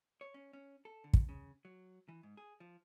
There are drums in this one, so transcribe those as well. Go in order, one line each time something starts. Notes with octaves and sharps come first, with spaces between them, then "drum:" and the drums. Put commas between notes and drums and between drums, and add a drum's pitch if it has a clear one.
C#5
C#4
C#4
A4
D3
drum: kick
C#3
F#3
E3
G#2
G#4
F3